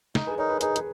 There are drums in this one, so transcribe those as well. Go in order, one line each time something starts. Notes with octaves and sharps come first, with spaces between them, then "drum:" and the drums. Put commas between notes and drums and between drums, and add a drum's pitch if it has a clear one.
D#4, drum: snare
G#4 B4
D#4 A#4 C#5
G#4 B4
D#4 G#4 B4, drum: hi-hat
G#4 B4, drum: hi-hat